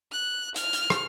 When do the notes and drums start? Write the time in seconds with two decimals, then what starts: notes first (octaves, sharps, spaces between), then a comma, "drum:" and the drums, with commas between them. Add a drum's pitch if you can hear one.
0.12 F#6
0.56 F6, drum: hi-hat
0.73 drum: hi-hat
0.90 drum: rim click